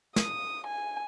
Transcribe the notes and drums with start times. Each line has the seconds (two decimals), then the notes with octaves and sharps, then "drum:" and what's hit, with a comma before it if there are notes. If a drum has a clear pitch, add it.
0.16 D#6, drum: snare
0.67 G#5